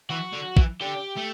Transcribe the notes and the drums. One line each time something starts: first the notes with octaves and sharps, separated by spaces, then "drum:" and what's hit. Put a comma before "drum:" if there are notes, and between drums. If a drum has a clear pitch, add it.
E3 F#4
D3
E3, drum: kick
D3 G4
A3